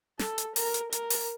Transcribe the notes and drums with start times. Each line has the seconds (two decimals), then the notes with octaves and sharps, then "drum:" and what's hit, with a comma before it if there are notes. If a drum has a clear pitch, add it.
0.19 A4, drum: snare
0.38 drum: hi-hat
0.56 A#4, drum: open hi-hat
0.74 drum: hi-hat
0.92 A#4, drum: hi-hat
1.10 drum: open hi-hat